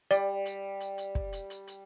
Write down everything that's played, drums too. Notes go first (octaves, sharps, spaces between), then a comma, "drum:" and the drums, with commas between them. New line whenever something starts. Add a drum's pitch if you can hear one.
G3 D5, drum: hi-hat
drum: hi-hat
drum: hi-hat
drum: hi-hat
drum: kick
drum: hi-hat
drum: hi-hat
drum: hi-hat